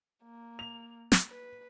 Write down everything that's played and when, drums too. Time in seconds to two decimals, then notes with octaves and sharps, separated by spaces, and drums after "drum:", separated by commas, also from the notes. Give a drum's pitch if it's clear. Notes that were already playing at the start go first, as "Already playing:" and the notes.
0.24 A#3
0.59 F7
1.12 drum: snare
1.29 B4